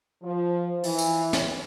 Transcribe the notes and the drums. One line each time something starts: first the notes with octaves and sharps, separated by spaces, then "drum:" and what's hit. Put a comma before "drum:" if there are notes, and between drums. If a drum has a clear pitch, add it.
F3
E3, drum: open hi-hat
drum: tambourine
drum: snare